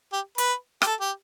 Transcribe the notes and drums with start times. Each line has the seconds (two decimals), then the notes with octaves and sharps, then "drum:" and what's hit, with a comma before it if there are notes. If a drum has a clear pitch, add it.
0.12 G4
0.38 B4, drum: hi-hat
0.82 G4, drum: rim click
0.86 A4
1.00 G4